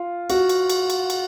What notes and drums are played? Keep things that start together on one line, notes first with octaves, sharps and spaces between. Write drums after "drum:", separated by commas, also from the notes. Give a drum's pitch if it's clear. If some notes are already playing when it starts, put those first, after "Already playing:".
Already playing: F4
F#4, drum: cymbal
drum: cymbal
drum: cymbal
drum: cymbal
drum: cymbal